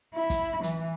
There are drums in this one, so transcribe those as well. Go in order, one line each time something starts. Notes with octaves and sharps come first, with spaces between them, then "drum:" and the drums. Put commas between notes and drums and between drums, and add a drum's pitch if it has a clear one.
E4
drum: kick, hi-hat
E3, drum: hi-hat